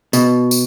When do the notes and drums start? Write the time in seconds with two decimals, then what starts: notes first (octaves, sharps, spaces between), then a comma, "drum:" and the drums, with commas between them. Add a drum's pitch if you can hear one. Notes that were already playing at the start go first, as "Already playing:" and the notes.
0.13 B2, drum: tambourine
0.51 drum: tambourine